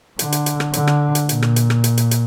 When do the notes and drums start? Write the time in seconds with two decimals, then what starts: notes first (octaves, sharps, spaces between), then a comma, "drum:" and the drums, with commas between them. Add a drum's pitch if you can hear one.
0.19 D3, drum: hi-hat
0.32 drum: hi-hat
0.46 drum: hi-hat
0.60 drum: rim click
0.73 D3, drum: hi-hat
0.87 drum: rim click
1.15 drum: hi-hat
1.29 A#2, drum: hi-hat
1.42 drum: rim click
1.56 drum: hi-hat
1.70 drum: rim click
1.84 drum: hi-hat
1.97 drum: hi-hat
2.11 drum: hi-hat